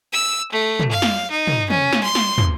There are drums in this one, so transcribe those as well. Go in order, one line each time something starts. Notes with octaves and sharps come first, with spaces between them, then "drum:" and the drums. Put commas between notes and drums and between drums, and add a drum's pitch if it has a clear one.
E6
A3
drum: tom
F5
drum: snare
D#4
drum: tom
C#4, drum: tom
drum: snare
C6
drum: snare
drum: tom